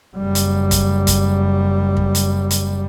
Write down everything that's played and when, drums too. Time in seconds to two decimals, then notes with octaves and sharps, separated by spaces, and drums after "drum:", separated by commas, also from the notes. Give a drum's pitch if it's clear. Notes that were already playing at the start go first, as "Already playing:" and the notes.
0.17 F#1 G3
0.35 drum: hi-hat
0.71 drum: kick, hi-hat
1.07 drum: kick, hi-hat
1.97 drum: kick
2.15 drum: hi-hat
2.51 drum: hi-hat